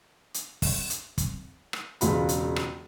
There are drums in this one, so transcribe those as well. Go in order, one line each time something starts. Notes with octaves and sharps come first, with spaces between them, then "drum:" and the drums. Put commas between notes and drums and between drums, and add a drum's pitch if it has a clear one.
drum: hi-hat
drum: kick, open hi-hat
drum: hi-hat
drum: kick, hi-hat
drum: rim click
E1 C#2 F4 B5, drum: hi-hat
drum: hi-hat
drum: rim click